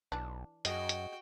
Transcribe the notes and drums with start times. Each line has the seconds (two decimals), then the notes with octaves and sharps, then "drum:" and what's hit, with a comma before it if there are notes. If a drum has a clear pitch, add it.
0.12 B1 E3 D4
0.65 F#2 F#4 G#4 D#5 G5, drum: hi-hat
0.89 drum: hi-hat